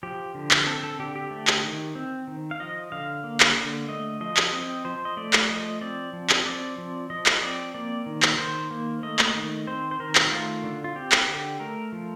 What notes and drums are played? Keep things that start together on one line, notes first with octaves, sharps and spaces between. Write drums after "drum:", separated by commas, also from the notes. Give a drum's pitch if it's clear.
F3 G4
D3
drum: clap
C4 A4
A4
D3 G4
G4
A3
drum: clap
D#3
C4
D#3
F5
F3 D#5
D3 F5
A#3
drum: clap
D3
A3 D#5
F3 D#5
drum: clap
C4 D#5
F3 C5
D#5
A3 D5
drum: clap
F3 D#5
C4 D5
F3
drum: clap
C4 D5
F3
F3 D#5
drum: clap
C4 D5
A#3 D5
D#3
drum: clap
D#3 C5
A#3
A3 D#5
drum: clap
D#3
C4 C5
C5
D#3 A#4
drum: clap
A3 F4
D3
F4
C4 G4
drum: clap
D3 G4
A3 A#4
F3